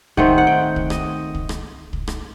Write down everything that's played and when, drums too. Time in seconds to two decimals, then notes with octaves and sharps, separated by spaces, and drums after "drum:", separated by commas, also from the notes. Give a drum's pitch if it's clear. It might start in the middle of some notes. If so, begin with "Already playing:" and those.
0.17 D#3 A3 C4 F#5, drum: kick
0.38 F#5
0.47 G5
0.76 drum: kick
0.90 D#5, drum: rim click
1.35 drum: kick
1.49 drum: rim click
1.93 drum: kick
2.07 drum: rim click